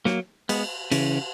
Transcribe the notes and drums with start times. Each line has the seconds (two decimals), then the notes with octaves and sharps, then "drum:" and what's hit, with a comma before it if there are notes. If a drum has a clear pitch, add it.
0.05 F#3 A#3, drum: snare
0.49 G#3 B3, drum: cymbal
0.92 C#3 E3, drum: cymbal